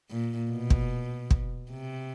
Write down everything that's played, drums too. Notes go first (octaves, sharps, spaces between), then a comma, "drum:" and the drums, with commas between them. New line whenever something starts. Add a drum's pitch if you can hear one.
A#2
B2
drum: kick
drum: kick
C3